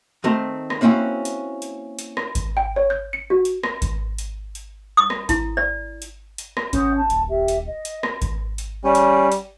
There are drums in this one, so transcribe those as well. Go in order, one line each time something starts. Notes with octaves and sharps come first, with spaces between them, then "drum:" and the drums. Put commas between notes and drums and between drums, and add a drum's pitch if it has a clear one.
D#3 A3 C4 A#5
drum: rim click
A#3 C4 C#4 E4 F#4
drum: hi-hat
drum: hi-hat
drum: hi-hat
drum: rim click
drum: kick G#1, hi-hat
G5
C#5
G6
C#7
F#4
drum: hi-hat
drum: rim click
drum: kick G#1, hi-hat
drum: hi-hat
drum: hi-hat
D#6
drum: rim click
E4, drum: kick G#1, hi-hat
D5
drum: hi-hat
drum: hi-hat
drum: rim click
C#4 F#5 D#6 G6, drum: kick G#1, hi-hat
A#4 A5
D#1, drum: hi-hat
G4 E5
drum: hi-hat
D#5
drum: hi-hat
drum: rim click
drum: kick G#1, hi-hat
drum: hi-hat
G3 C#4
drum: hi-hat
drum: hi-hat